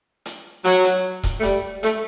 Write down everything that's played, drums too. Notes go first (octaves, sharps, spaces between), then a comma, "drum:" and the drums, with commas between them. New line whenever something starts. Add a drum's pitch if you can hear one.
drum: hi-hat
F#3, drum: hi-hat
drum: hi-hat
drum: kick D#1, hi-hat
A3
G3, drum: hi-hat
A3, drum: hi-hat